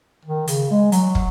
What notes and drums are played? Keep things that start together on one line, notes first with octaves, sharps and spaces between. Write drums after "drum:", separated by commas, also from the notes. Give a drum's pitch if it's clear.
D#3
C#3, drum: hi-hat
G#3
F#3, drum: hi-hat
drum: kick